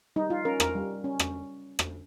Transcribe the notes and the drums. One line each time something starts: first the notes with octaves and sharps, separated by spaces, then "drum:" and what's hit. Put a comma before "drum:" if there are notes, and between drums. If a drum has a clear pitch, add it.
G3 D#4
F4
C#4 A#4
A#4, drum: rim click
G3
C#4
drum: rim click
drum: rim click